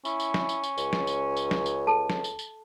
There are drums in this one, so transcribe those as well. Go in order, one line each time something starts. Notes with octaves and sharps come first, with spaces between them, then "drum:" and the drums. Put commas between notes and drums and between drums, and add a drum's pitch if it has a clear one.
C#4 E4, drum: tambourine
drum: tambourine
drum: snare
drum: tambourine
drum: tambourine
C#2, drum: tambourine
drum: snare
drum: tambourine
drum: tambourine
drum: snare
drum: tambourine
A4 A5
drum: snare
drum: tambourine
drum: tambourine